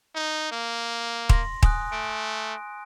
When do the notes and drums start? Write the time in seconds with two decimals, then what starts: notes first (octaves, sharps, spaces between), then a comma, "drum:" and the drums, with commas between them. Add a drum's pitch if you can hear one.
0.15 D#4
0.52 A#3
1.29 C6 A#6, drum: kick
1.63 G#5 D#6 F#6, drum: kick
1.92 A3 D7